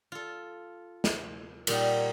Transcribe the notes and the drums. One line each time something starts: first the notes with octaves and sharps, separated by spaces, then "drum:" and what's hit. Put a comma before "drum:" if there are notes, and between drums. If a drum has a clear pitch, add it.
F4 A4
drum: snare
A#2 G3 D#4 F#5, drum: cymbal